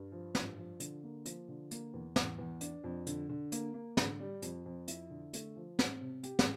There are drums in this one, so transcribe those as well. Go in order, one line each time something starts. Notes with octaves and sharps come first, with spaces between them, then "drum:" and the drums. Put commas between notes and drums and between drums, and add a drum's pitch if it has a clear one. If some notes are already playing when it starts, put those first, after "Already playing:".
Already playing: G2
F3
G2, drum: snare
F3
D3, drum: hi-hat
A#3
F3, drum: hi-hat
D3
A#3, drum: hi-hat
E2
E2, drum: snare
E2
D4, drum: hi-hat
F2
D3, drum: hi-hat
D3
A#3, drum: hi-hat
A#3
D3, drum: snare
G3
F2, drum: hi-hat
F2
E4, drum: hi-hat
D3
A3, drum: hi-hat
F3
C4, drum: snare
C3
G4, drum: hi-hat
drum: snare